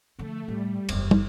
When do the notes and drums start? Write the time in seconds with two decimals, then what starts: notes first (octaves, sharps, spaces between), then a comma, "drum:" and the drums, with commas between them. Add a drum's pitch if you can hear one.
0.19 D3 F3 A3
0.48 A2 G3
0.89 F#1 E2, drum: cymbal
1.11 drum: tom